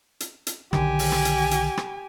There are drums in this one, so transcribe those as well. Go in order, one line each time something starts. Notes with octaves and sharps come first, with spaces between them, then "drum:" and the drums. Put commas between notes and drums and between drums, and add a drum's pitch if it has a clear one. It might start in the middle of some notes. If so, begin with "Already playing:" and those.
drum: hi-hat
drum: hi-hat
B1 D3 D#3 G4 G#5, drum: rim click
drum: open hi-hat
drum: rim click
drum: hi-hat
drum: hi-hat
drum: rim click